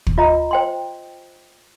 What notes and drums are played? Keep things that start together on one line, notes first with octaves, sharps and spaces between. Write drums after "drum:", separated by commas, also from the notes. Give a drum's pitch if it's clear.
drum: kick
F4 D#5 A#5
C5 G5 C6